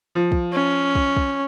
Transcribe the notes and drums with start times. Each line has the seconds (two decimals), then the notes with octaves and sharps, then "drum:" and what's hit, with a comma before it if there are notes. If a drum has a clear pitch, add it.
0.15 F3
0.32 drum: kick
0.53 C#4
0.95 drum: kick
1.17 drum: kick